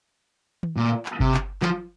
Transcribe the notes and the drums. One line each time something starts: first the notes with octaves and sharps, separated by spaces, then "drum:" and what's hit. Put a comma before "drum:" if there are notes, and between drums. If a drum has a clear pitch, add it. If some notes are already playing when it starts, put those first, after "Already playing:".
drum: tom D#3
A#2
drum: clap
C3, drum: kick G1
drum: clap
F3, drum: clap